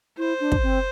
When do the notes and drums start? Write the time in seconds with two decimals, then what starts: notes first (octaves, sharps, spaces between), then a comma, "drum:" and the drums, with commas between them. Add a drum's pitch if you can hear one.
0.17 E4 C5
0.40 D4
0.52 drum: kick
0.63 C4